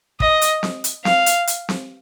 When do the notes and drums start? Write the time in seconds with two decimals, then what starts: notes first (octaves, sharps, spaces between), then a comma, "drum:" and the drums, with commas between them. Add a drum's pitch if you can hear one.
0.20 D#5, drum: kick
0.42 drum: hi-hat
0.63 drum: snare C4
0.84 drum: hi-hat
1.05 F5, drum: snare C4
1.26 drum: hi-hat
1.47 drum: hi-hat
1.69 drum: snare C4